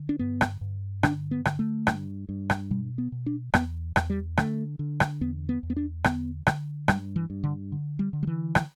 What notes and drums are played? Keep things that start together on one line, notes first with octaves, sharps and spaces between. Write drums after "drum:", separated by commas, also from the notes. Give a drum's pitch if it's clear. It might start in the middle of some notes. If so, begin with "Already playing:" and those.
Already playing: D3
D4
G2 B3
drum: rim click
G2
D3 D4, drum: rim click
B3
D3, drum: rim click
A3
G2, drum: rim click
G2
drum: rim click
B2 G3
B3
B2
D4
E2 B3, drum: rim click
E2, drum: rim click
G3
D3 A3, drum: rim click
D3
drum: rim click
E2 B3
B3
E2
B3
D4
D3 B3, drum: rim click
D3, drum: rim click
G2 G3, drum: rim click
E3
G2
D3
D3
G3
D3
G3
E3
drum: rim click